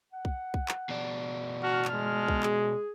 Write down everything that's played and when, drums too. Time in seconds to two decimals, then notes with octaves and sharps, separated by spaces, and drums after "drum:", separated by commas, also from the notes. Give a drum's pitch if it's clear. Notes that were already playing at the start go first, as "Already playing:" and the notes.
0.13 F#5
0.25 drum: kick B1
0.54 drum: kick B1
0.68 drum: clap
0.89 B2 D4
1.63 F#4 A5 F6
1.85 drum: clap
1.94 G#3
2.28 drum: kick B1
2.43 G#4, drum: clap